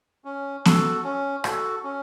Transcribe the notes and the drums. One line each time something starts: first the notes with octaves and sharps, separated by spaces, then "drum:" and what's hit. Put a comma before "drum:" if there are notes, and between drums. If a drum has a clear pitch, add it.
C#4
F#4 A4, drum: snare B3
C#4
F#4 A4, drum: rim click
C#4